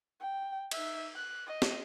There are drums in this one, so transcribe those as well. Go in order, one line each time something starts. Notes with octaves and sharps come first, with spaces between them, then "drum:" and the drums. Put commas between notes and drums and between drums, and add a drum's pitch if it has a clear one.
G5
D#4 E5, drum: cymbal
F#6
D#5
drum: snare